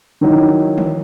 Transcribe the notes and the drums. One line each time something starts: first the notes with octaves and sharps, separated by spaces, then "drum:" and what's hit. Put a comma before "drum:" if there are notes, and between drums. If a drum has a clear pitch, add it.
D#3 F#3 D#4 E4
drum: tom D#3